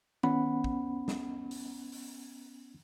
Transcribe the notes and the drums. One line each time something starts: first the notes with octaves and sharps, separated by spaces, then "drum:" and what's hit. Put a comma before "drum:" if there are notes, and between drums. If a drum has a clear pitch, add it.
B3 C#4 F#5 B5, drum: tom D#3
drum: kick
drum: snare
drum: open hi-hat
drum: open hi-hat